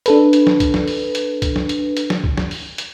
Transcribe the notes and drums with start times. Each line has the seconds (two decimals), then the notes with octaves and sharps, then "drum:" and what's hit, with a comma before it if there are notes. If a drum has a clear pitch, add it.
0.06 D4 A4 B4, drum: hi-hat
0.33 drum: hi-hat
0.47 drum: snare
0.60 drum: kick C2, hi-hat
0.74 drum: snare
0.88 drum: open hi-hat
1.15 drum: hi-hat
1.42 drum: kick C2, hi-hat
1.56 drum: snare
1.69 drum: hi-hat
1.97 drum: hi-hat
2.10 drum: snare
2.24 drum: kick C2
2.37 drum: snare
2.51 drum: open hi-hat
2.78 drum: hi-hat